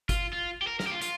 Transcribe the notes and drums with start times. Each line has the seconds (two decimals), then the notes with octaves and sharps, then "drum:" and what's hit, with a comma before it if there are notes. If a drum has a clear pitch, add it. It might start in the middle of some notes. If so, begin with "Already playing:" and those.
0.09 F4, drum: kick, hi-hat
0.33 F4
0.62 G4
0.67 A#4
0.80 A#4, drum: snare
0.87 G4
0.91 F4
1.02 F4, drum: hi-hat